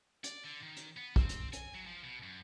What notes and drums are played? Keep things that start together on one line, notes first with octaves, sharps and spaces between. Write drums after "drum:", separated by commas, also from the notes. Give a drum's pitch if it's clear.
D5, drum: hi-hat
D3
D#3
drum: hi-hat
B3
C4, drum: kick
drum: hi-hat
G#5, drum: hi-hat
F#3
F3
B2
F#2